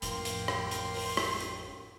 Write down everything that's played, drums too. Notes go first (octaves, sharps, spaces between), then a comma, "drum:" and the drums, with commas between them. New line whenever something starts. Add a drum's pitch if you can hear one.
A1 F2 A#3 G5 C6, drum: hi-hat
drum: hi-hat
drum: rim click
drum: hi-hat
drum: open hi-hat
drum: rim click
drum: hi-hat